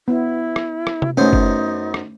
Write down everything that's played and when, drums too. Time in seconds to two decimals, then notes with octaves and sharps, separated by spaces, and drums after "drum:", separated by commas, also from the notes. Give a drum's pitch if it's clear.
0.08 B3 E4
0.56 drum: rim click
0.87 drum: rim click
1.02 drum: tom C3
1.17 F#2 A3 B3 C#4 D#4 C5
1.33 drum: kick F#1
1.94 drum: rim click